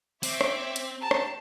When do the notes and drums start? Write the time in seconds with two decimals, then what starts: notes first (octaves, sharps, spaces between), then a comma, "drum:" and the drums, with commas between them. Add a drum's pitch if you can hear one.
0.23 C4 C#5 E5 D6, drum: open hi-hat
0.41 drum: rim click
0.76 drum: hi-hat
1.01 G4 A5 A#5
1.11 drum: rim click